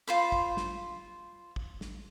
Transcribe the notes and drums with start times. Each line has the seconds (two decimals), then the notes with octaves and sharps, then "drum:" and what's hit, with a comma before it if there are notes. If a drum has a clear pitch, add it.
0.07 F4 C5 B5
0.32 drum: kick
0.57 drum: snare
1.56 drum: kick
1.81 drum: snare